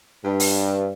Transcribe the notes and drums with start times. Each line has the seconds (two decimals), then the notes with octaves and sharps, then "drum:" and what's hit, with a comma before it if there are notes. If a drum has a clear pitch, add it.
0.23 G2
0.40 drum: open hi-hat